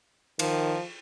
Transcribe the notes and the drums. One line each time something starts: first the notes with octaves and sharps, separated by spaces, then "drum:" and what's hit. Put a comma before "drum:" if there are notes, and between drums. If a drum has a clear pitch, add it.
D#3 F3, drum: cymbal